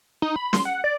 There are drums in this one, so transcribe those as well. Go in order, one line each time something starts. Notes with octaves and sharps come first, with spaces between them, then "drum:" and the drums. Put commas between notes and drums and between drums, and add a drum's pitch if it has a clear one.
D#4
B5
C6, drum: snare
F#5
D5